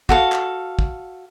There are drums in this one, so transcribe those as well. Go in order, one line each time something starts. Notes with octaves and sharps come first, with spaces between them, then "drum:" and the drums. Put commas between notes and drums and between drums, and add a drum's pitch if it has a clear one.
F#4 A4 F5, drum: kick
drum: clap
drum: kick